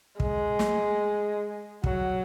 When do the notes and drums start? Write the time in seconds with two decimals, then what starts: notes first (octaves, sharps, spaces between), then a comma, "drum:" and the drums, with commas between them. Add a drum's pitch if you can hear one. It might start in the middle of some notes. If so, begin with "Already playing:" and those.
0.20 G#3, drum: kick
0.59 drum: snare
1.84 F#3, drum: kick